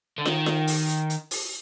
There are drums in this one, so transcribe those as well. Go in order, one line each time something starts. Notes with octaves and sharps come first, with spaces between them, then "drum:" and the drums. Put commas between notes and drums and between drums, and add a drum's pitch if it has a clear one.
D3
D#3, drum: snare
drum: snare
drum: open hi-hat
drum: hi-hat
drum: hi-hat
drum: open hi-hat